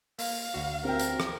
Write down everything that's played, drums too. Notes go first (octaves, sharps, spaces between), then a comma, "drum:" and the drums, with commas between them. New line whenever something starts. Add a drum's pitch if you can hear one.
A#3 F5, drum: open hi-hat
D2 F#4
C4 A#4 G5
drum: hi-hat
drum: rim click